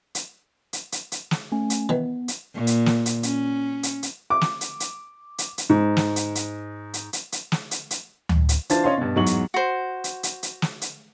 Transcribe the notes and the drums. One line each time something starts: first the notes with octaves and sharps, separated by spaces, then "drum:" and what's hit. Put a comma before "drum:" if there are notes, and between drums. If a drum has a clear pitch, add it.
drum: hi-hat
drum: hi-hat
drum: hi-hat
drum: hi-hat
drum: snare
A3 C#4 G#5
drum: hi-hat
D#3 E3 B3
drum: hi-hat
A#2
drum: hi-hat
drum: snare
drum: hi-hat
C#4, drum: hi-hat
drum: hi-hat
drum: hi-hat
D6
drum: snare
drum: hi-hat
drum: hi-hat
drum: hi-hat
drum: hi-hat
G#2
drum: snare
drum: hi-hat
drum: hi-hat
drum: hi-hat
drum: hi-hat
drum: hi-hat
drum: snare
drum: hi-hat
drum: hi-hat
drum: tom D2
drum: hi-hat
E3 D4 F4 C5 A5 A6, drum: hi-hat
C#4 C#5 D#5 F5 C6
G2 B2
E2 G#2 F#3 C#6 F#7
drum: hi-hat
F#4 C5
drum: hi-hat
drum: hi-hat
drum: hi-hat
drum: snare
drum: hi-hat